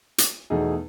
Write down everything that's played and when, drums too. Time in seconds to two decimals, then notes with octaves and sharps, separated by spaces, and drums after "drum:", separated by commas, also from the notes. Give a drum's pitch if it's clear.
0.18 drum: hi-hat
0.50 E2 B2 A3 D#4 G#4